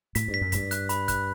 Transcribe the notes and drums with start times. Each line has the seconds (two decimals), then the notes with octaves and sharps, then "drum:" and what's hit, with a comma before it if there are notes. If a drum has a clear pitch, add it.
0.15 A2 B6, drum: hi-hat
0.28 G2
0.34 B6
0.41 F#2
0.52 G2 B6, drum: kick, hi-hat
0.71 F#6, drum: hi-hat
0.89 B5, drum: hi-hat
1.08 F#6, drum: kick, hi-hat